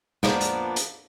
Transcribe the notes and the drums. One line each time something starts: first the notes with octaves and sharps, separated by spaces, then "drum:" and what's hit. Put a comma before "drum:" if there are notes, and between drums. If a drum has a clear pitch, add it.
F3 A#3 B3 D4, drum: snare
drum: hi-hat
drum: hi-hat